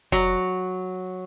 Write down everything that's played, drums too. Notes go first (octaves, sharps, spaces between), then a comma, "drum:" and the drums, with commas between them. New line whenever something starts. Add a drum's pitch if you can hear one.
F#3, drum: snare F1